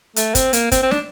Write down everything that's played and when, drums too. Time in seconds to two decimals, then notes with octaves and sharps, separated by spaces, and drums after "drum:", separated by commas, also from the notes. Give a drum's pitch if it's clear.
0.16 A3, drum: hi-hat
0.35 C4, drum: kick, hi-hat
0.53 A#3, drum: hi-hat
0.72 C4, drum: kick, hi-hat
0.83 C4
0.91 D4, drum: snare